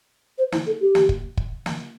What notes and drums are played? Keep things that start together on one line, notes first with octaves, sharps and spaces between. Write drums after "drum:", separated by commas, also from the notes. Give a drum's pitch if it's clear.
C5
E4, drum: snare
A4
G4
drum: snare
drum: kick
drum: kick
drum: snare